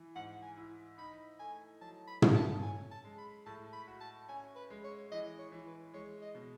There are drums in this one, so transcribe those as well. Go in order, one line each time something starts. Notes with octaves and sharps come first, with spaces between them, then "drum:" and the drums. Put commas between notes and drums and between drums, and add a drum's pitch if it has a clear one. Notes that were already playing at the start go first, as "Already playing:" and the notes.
Already playing: E3
G#2 F#5
G#5
E4
D#4 B5
A3 G#5
F#3 A5
B5
A4, drum: tom
A5
C#4 G#5
A5
G#3
B5
A2 A5
B5
F#4
A5
C#4 G#5
B4
G#3
C#5
E3 D#5
C#5
E3
B4
G#3 C#5
D#5
B2